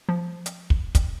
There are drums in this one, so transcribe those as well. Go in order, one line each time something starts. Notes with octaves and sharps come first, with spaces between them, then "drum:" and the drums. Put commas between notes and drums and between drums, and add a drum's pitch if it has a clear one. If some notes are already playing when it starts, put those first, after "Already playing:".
F3
drum: hi-hat
drum: kick
drum: kick, hi-hat